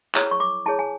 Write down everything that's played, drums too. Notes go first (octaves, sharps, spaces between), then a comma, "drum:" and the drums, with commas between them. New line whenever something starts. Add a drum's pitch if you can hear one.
E4 G#4 C#5, drum: clap
C#6
D6
E4 G#4 C#5 A5
G#5